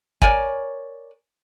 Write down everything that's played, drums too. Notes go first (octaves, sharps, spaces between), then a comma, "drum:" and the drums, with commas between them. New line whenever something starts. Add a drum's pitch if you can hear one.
A#4 C#5 D5 G#5, drum: kick